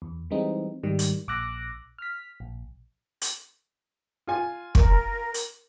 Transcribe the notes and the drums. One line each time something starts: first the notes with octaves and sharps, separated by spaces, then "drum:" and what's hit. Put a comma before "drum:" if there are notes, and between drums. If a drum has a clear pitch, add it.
E2
E3 G3 G#3 C4 D#4
G#2 D#3 G3
drum: hi-hat
A#1 D6 E6 F#6 A#6
F6 B6
A#1
drum: hi-hat
F4 G#5
A#4, drum: kick
drum: hi-hat